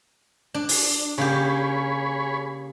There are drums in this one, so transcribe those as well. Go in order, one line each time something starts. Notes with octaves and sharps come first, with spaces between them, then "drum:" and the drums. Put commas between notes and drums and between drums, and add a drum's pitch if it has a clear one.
D4
drum: open hi-hat
C#3 A#3 G4 G#4 C#5 B5